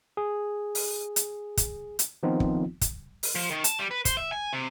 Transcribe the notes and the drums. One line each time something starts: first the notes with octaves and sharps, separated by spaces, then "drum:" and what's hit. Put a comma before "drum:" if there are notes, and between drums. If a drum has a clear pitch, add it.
G#4
drum: open hi-hat
drum: hi-hat
drum: kick, hi-hat
drum: hi-hat
D#3 F3 B3 C4 D#4 F4
drum: kick
drum: kick, hi-hat
drum: open hi-hat
F3
D#3
A5, drum: hi-hat
G3
B4
C5, drum: kick, hi-hat
E5
G#5
C3